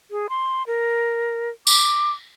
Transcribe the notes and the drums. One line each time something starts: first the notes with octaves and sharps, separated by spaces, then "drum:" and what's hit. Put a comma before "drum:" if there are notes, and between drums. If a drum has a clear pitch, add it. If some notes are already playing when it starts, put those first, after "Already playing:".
G#4
C6
A#4
D6, drum: tambourine